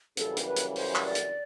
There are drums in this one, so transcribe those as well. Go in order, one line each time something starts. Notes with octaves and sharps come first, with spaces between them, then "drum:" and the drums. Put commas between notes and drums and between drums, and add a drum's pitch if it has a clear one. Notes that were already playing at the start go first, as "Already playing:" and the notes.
F#2 C#3 E3 G3 A4, drum: hi-hat
drum: hi-hat
B4
drum: hi-hat
C5, drum: open hi-hat
drum: clap
D5
drum: hi-hat